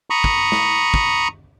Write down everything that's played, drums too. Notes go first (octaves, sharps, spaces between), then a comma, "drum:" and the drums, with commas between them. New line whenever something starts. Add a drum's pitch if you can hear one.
A#5 B5 C#6 D#6
drum: kick
drum: snare
drum: kick